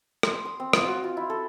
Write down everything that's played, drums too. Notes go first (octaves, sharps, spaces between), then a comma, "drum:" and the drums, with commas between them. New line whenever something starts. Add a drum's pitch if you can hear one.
C6, drum: rim click
D#6
C4
F4, drum: rim click
F#4
F4
E4
A4